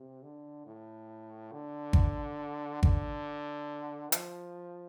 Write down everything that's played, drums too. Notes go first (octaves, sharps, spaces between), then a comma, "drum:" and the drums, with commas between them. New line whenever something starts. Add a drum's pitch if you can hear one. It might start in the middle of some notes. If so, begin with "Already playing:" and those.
Already playing: C3
D3
A2
D3
drum: kick G#1
D3, drum: kick G#1
F3, drum: hi-hat